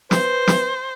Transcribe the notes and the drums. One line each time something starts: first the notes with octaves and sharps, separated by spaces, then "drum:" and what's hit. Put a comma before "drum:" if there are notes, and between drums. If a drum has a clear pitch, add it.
B4 C5, drum: snare
drum: snare